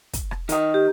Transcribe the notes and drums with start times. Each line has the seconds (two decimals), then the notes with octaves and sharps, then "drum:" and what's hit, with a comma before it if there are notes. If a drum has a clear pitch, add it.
0.13 drum: kick, hi-hat
0.31 drum: rim click
0.49 D#3 D#5, drum: hi-hat
0.74 G4